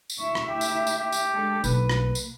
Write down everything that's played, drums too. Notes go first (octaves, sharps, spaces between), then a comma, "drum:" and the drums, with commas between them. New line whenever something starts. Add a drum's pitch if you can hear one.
drum: tambourine
D2 E4 E5 C#6
drum: rim click
G4
drum: tambourine
drum: tambourine
G4
drum: tambourine
G#3 D4 A4
B1 A#3 B4, drum: tambourine
drum: rim click
drum: tambourine